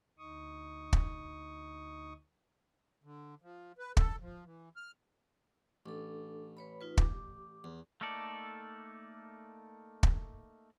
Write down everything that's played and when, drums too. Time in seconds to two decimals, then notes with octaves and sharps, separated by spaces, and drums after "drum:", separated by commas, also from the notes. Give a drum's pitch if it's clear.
0.18 D2 D#4 C#6 D#6
0.93 drum: kick
3.04 D3
3.42 F3
3.78 B4
3.97 A4, drum: kick
4.21 F3
4.44 E3
4.76 F6
5.86 A1 D4 A4
6.57 B4 C#5 B5
6.81 D#4 F4 B4
6.97 G4 D6, drum: kick
7.64 E2
8.01 A3 A#3 D#4 A4 D5
10.03 drum: kick